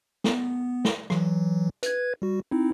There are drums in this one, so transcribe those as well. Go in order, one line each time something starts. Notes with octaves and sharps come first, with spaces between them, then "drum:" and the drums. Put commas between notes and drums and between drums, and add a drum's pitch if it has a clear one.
B3, drum: snare
drum: snare
E3 F#3, drum: rim click
B4 G#6, drum: hi-hat
G3 F#4
C4 D#4 E4